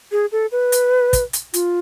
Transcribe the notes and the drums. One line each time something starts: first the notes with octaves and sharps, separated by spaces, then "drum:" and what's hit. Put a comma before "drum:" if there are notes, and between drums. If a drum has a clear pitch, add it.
G#4
A4
B4
drum: hi-hat
drum: kick, hi-hat
drum: hi-hat
F4, drum: hi-hat